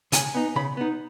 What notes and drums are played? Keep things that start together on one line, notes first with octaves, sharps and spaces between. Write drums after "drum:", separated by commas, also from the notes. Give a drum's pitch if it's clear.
C#3 G#5, drum: hi-hat
B3 D#4
C#3 B5
B3 D#4